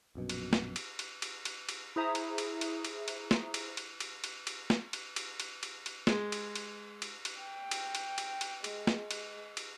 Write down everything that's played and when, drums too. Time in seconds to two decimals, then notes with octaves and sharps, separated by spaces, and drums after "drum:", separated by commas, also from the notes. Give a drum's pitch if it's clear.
0.15 A#1 F#2 B2
0.29 drum: cymbal
0.53 drum: snare
0.76 drum: cymbal
0.99 drum: cymbal
1.22 drum: cymbal
1.45 drum: cymbal
1.69 drum: cymbal
1.96 E4 G#4 C5 E5 A#5 D#6
2.15 drum: cymbal
2.38 drum: cymbal
2.61 drum: cymbal
2.85 drum: cymbal
3.08 drum: cymbal
3.31 drum: snare
3.54 drum: cymbal
3.77 drum: cymbal
4.00 drum: cymbal
4.24 drum: cymbal
4.47 drum: cymbal
4.70 drum: snare
4.93 drum: cymbal
5.16 drum: cymbal
5.40 drum: cymbal
5.63 drum: cymbal
5.86 drum: cymbal
6.07 G#3, drum: snare
6.32 drum: cymbal
6.56 drum: cymbal
7.02 drum: cymbal
7.25 drum: cymbal
7.41 G5
7.71 drum: cymbal
7.95 drum: cymbal
8.18 drum: cymbal
8.41 drum: cymbal
8.64 G#3, drum: cymbal
8.87 drum: snare
9.11 drum: cymbal
9.57 drum: cymbal